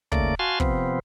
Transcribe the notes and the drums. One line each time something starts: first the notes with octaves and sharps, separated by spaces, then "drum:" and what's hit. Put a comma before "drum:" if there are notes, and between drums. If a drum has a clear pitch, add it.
D#2 C#3 A3 A#3 D5, drum: kick
F#4 F5 G#5 A5 C6
C3 F3 B3 C4, drum: kick